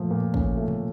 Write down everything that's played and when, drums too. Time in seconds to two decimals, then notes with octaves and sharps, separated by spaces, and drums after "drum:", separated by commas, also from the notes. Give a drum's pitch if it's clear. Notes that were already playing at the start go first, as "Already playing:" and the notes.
Already playing: A#2 F3 A3
0.11 A#2
0.34 C#4, drum: kick
0.57 A3
0.68 drum: tom B2